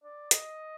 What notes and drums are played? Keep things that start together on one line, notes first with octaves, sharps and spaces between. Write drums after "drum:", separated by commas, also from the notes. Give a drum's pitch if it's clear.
D5
D#5, drum: hi-hat